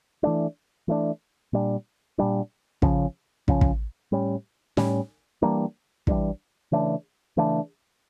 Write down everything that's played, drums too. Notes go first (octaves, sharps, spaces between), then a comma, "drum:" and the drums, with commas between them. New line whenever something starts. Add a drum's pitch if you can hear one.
E3 A3 D4
E3 A3 D4
A#2 G3 D4
A#2 G3 D4
C#3 F3 C#4, drum: kick
C#3 F3 C#4, drum: kick
drum: kick
A2 G3 C#4
A2 G3 C#4, drum: snare
E3 G3 A#3 D4
E3 G3 A#3 D4, drum: kick
C#3 E3 A3 D4
C#3 E3 A3 D4